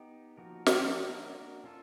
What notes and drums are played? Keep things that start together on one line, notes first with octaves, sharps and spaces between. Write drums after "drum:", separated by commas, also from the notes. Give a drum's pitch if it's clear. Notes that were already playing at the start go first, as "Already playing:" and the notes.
Already playing: B3 D#4 G4
F3 A#3 D#4 F#4 A#4
drum: snare
A#3 D4 F#4 A#4
C#4 F4 A4